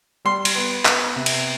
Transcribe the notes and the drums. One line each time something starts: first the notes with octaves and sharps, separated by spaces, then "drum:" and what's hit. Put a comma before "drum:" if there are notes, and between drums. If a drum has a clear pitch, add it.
G3 C6
drum: cymbal
B3
B3, drum: clap
C3
drum: cymbal